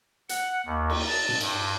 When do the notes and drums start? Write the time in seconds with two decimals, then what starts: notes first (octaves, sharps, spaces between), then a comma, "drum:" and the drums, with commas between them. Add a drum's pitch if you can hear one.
0.29 F#5, drum: hi-hat
0.66 D#2
0.90 drum: cymbal
1.07 A5
1.29 drum: tom G#2
1.41 G2, drum: cymbal